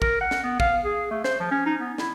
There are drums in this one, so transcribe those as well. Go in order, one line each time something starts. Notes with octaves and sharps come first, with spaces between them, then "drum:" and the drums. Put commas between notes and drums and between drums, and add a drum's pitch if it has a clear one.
A#4, drum: kick
F#5
drum: snare
B3
F5, drum: kick
G#4
A3
C5, drum: snare
F3
C#4
D#4
B3
E4, drum: snare